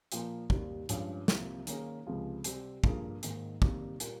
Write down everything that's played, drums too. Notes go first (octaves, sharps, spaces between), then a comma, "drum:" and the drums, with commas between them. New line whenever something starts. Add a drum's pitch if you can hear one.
A#2 F3 A#3, drum: hi-hat
D#2 D#3 G3, drum: kick
G2 F3 G#3 C#4 G#4, drum: hi-hat
C2 C3 F3 A#3, drum: snare
D#3 A#3 C#4 G#4, drum: hi-hat
C#2 C3 F3 G#3
C3 G3 C4, drum: hi-hat
G2 F3 A#3 F4 G#4, drum: kick
G#2 D#3 A#3, drum: hi-hat
C3 D#3 G3 A#3, drum: kick
A#2 G3 A#3 F4 A#4, drum: hi-hat